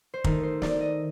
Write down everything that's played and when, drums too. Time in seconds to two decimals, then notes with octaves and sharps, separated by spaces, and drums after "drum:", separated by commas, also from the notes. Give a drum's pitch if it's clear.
0.14 C5
0.24 D#3 A3 D#4 A#4, drum: kick
0.43 C5
0.62 D5, drum: snare
0.80 D#5